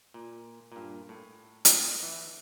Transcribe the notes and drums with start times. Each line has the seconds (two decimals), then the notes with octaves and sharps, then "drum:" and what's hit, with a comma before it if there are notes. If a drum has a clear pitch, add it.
0.14 A#2
0.72 G2 A#2
1.09 A2
1.65 drum: hi-hat
2.03 E3